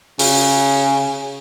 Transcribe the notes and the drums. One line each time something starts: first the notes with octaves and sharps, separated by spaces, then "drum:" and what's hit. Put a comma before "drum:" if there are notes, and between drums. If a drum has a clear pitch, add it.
C#3, drum: open hi-hat